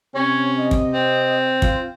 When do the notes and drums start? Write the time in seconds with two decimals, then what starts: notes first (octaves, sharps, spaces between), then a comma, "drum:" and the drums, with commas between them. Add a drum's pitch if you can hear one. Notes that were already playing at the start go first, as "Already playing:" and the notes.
0.15 C3 C#4 C#5
0.58 D#5
0.71 drum: kick
0.93 C4
1.62 F4, drum: kick